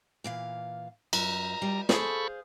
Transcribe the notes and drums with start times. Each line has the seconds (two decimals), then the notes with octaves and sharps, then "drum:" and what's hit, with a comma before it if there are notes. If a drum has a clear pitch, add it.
0.24 A#2 E3 F5
1.13 F#2 A#5, drum: cymbal
1.62 G3
1.89 G#4 A4 C5 F5 B5 C#6, drum: snare